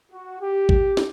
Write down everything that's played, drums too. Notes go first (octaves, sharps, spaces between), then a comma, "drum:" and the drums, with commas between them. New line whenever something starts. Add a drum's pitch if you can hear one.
F#4
G4
drum: kick A1
drum: snare